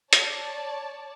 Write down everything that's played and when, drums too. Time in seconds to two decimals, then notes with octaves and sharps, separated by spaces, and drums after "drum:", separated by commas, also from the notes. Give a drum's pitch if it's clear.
0.13 C#5 D5 A5, drum: hi-hat